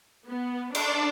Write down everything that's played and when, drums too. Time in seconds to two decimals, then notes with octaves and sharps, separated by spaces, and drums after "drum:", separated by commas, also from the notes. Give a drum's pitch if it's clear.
0.28 B3
0.75 D4, drum: cymbal